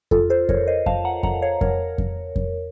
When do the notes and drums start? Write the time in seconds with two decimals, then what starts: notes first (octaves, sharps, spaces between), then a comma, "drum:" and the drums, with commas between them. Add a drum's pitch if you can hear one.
0.11 F4 A4, drum: kick F2
0.30 A4 C5
0.49 A#4 C#5, drum: kick F2
0.67 C5 D#5
0.86 F5 A5, drum: kick F2
1.05 F#5 A#5
1.23 F#5 A#5, drum: kick F2
1.42 C#5 F5
1.61 A#4 C#5, drum: kick F2
1.98 drum: kick F2
2.36 drum: kick F2